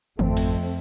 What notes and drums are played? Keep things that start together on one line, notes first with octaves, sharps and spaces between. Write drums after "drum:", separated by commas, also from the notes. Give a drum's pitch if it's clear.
G#1 F2 A3 C4, drum: tom D#3
drum: cymbal